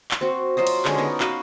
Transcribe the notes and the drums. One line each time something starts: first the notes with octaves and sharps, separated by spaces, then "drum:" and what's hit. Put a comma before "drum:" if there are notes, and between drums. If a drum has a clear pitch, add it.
drum: clap
C4 F#4
F#3 F4 C5 D#5
drum: cymbal
D3 G#3 C#4, drum: clap
B3 D#4 A#4
F#4 B4 F5, drum: clap